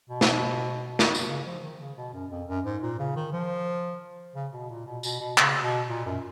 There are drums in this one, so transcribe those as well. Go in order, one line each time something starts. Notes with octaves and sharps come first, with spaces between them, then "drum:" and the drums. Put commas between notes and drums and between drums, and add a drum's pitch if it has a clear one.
B2
drum: snare
drum: snare
drum: tambourine
C#3
F3
D#3
C#3
B2
F#2
F2
F#2
G#2
A#2
C#3
D#3
F3
C#3
B2
A#2
B2
B2, drum: tambourine
B2
C#3, drum: clap
B2
A#2
F#2